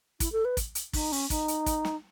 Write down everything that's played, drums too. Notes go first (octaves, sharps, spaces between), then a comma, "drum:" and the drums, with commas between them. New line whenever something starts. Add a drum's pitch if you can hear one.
E4, drum: kick, hi-hat
A4
B4
drum: kick, hi-hat
drum: hi-hat
D#4, drum: kick, open hi-hat
C#4, drum: open hi-hat
D#4, drum: kick, hi-hat
drum: hi-hat
drum: kick, hi-hat
drum: snare